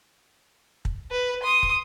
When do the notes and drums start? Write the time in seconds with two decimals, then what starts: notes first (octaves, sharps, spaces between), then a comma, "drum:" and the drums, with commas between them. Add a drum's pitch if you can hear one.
0.85 drum: kick
1.11 B4
1.43 C6 D#6
1.63 drum: kick